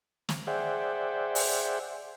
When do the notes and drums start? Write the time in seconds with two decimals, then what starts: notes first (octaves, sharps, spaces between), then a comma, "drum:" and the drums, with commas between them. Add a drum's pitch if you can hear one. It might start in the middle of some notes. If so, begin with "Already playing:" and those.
0.29 drum: snare
0.47 G#4 C5 D5 E5 F#5 G5
1.35 drum: open hi-hat